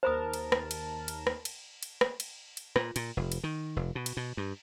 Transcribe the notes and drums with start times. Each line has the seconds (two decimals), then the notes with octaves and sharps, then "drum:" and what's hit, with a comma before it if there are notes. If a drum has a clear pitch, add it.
0.03 D#2 A#4 C5 A5 B5 D#6
0.34 drum: cymbal
0.52 drum: rim click
0.71 drum: cymbal
1.08 drum: cymbal
1.27 drum: rim click
1.45 drum: cymbal
1.83 drum: cymbal
2.01 drum: rim click
2.20 drum: cymbal
2.57 drum: cymbal
2.76 A#2, drum: rim click
2.96 A#2, drum: cymbal
3.17 F1
3.32 drum: cymbal
3.44 D#3
3.76 F1
3.95 B2
4.06 drum: cymbal
4.17 B2
4.37 G2